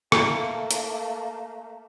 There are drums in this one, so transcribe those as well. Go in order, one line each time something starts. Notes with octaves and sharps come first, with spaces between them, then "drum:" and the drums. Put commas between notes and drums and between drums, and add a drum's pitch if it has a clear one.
A3 A#3, drum: rim click
drum: hi-hat